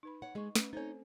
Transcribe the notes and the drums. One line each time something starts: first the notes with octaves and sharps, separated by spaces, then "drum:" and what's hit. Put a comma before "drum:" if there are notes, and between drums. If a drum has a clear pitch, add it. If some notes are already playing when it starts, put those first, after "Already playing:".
D#4 B4 B5
C#5 F#5
G#3 G#4 D#5 C#6
A3 C#4 B4, drum: snare
C4 D#4 A4 C5 C#5